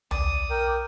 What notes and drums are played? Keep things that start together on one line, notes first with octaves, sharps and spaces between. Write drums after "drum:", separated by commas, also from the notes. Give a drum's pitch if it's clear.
B1 D5 D#6, drum: tom D2
A#4 G5